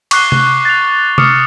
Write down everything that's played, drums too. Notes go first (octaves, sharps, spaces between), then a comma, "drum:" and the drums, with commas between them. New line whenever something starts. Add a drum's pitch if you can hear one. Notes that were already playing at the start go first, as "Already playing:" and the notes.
C#6 D6 F#6 C7 G7, drum: cymbal
drum: tom C3
A6 F7
D6 D#6 F6 C#7, drum: tom C3